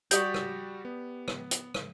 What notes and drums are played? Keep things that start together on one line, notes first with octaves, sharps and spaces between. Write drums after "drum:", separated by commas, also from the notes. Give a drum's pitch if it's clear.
G3 F#4 G4 D5 C#6 D#6 G6, drum: hi-hat
drum: rim click
B3
drum: rim click
drum: hi-hat
drum: rim click